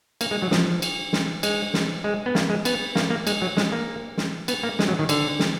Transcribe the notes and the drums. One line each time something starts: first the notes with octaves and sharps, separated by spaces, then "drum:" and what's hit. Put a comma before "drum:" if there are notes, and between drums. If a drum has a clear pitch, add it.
A#3, drum: cymbal
G#3
F#3
F3, drum: snare
drum: cymbal
drum: snare
G#3, drum: cymbal
drum: snare
G#3
B3
A#3, drum: snare
G#3
B3, drum: cymbal
A#3, drum: snare
A#3
G#3, drum: cymbal
F#3
G#3, drum: snare
A#3
drum: snare
B3, drum: cymbal
A#3
G#3, drum: snare
F#3
D#3
D3, drum: cymbal
drum: snare